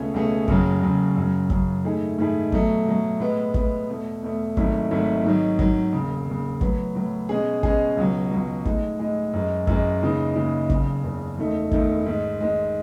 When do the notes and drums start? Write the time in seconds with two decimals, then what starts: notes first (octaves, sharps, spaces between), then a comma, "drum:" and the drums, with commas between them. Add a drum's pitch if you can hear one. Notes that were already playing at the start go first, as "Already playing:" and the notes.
Already playing: C#2 B2 A3 C#4 G#4
0.14 C#2 B2 A3 C#4 G#4
0.48 F#1 F#2 C#3 F#3, drum: kick
0.82 F#1 F#2 C#3 F#3
1.16 F#2 C#3 F#3
1.50 F#2 C#3 F#3, drum: kick
1.84 G#2 D#3 A3 E4 G#4
2.18 G#2 D#3 A3 E4 G#4
2.52 B2 F#3 A3, drum: kick
2.86 B2 F#3 A3
3.20 A2 G#3 B3
3.54 A2 G#3 B3, drum: kick
3.89 E2 B2 A3
4.23 E2 B2 A3
4.57 G#1 G#2 F#3 A3 E4, drum: kick
4.91 G#1 G#2 F#3 A3 E4
5.24 G#2 D#3 F#3
5.59 G#2 D#3 F#3, drum: kick
5.93 E1 D#2 C#3
6.27 E1 D#2 C#3
6.61 A2 F#3 B3, drum: kick
6.95 A2 F#3 B3
7.29 B2 G#3 C#4 G#4
7.63 B2 G#3 C#4 G#4, drum: kick
7.97 C#2 B2 F#3
8.31 C#2 B2 F#3
8.65 A2 G#3 D#4 G#4, drum: kick
8.99 A2 G#3 D#4 G#4
9.33 F#2 E3 G#3
9.67 F#2 E3 G#3, drum: kick
10.02 D#2 C#3 E3 G#3 D#4
10.36 D#2 C#3 E3 G#3 D#4
10.70 F#1 E2 C#3, drum: kick
11.04 F#1 E2 C#3
11.38 E1 E2 D#3 A3 D#4
11.72 E1 E2 D#3 A3 D#4, drum: kick
12.06 G#2 D#3 G#3
12.40 G#2 D#3 G#3